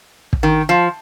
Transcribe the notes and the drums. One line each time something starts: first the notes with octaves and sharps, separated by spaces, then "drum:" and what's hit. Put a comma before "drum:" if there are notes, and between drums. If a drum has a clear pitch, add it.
drum: kick
D#3
F3